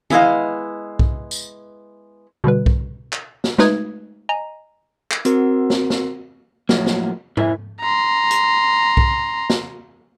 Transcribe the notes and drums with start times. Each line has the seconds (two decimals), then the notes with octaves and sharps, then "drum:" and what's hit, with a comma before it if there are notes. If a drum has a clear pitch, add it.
0.10 G#3 B3 E4 C5 D#5 F5, drum: tom
0.99 drum: kick B1
1.31 drum: tambourine
2.44 B2 D3 G3 B4
2.66 drum: kick B1
3.13 drum: clap
3.44 drum: snare
3.58 G#3 A3 D#4 B4 D#6 G#6, drum: snare
4.29 D#5 G#5 A#5
5.11 drum: clap
5.25 C4 F#4 A#4, drum: hi-hat
5.70 drum: snare
5.90 drum: snare
6.69 A2 F3 F#3 A#3, drum: snare
6.86 drum: snare
7.37 E4 A#4 C5 E5 G#5, drum: tom G#2
7.81 A#5 C6
8.31 drum: hi-hat
8.97 drum: kick B1
9.50 drum: snare